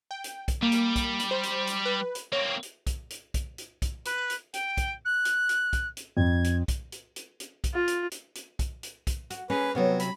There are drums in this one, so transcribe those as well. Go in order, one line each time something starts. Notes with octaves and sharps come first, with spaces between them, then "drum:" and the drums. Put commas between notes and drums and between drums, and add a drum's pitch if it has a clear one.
G5
drum: hi-hat
drum: kick, hi-hat
G3 A#3
drum: hi-hat
drum: kick, hi-hat
drum: hi-hat
C5
drum: hi-hat
drum: hi-hat
B4
drum: hi-hat
A#3 C4 C#5
drum: hi-hat
drum: kick, hi-hat
drum: hi-hat
drum: kick, hi-hat
drum: hi-hat
drum: kick, hi-hat
B4, drum: hi-hat
drum: hi-hat
G5, drum: hi-hat
drum: kick, hi-hat
F#6
drum: hi-hat
drum: hi-hat
drum: kick, hi-hat
drum: hi-hat
F2 G#6
drum: hi-hat
drum: kick, hi-hat
drum: hi-hat
drum: hi-hat
drum: hi-hat
drum: kick, hi-hat
F4
drum: hi-hat
drum: hi-hat
drum: hi-hat
drum: kick, hi-hat
drum: hi-hat
drum: kick, hi-hat
F#4, drum: hi-hat
A#3 C#4 G#4 B4
C3 F#3 B3 F4 C#5
B5, drum: hi-hat